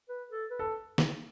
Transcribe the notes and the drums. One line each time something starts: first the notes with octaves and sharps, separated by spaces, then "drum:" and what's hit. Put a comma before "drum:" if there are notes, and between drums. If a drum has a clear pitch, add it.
B4
A4
B4
A4
drum: snare